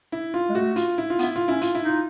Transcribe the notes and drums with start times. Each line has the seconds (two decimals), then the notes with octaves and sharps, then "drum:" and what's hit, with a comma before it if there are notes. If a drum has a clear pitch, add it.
0.12 E4
0.34 F4
0.50 G#3
0.55 A3 F#4
0.76 F4, drum: hi-hat
0.98 E4
1.10 F4
1.19 B3 E4, drum: hi-hat
1.36 F4
1.48 C#4 E4
1.61 F4, drum: hi-hat
1.75 E4
1.82 D#4
1.87 F4